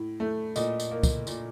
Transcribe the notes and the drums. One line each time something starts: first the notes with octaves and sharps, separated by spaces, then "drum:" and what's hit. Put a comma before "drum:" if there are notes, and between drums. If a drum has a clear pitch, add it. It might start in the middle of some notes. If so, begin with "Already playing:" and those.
Already playing: A2
A3
A#2 D#5, drum: tambourine
drum: tambourine
A#3
drum: kick, tambourine
A#2, drum: tambourine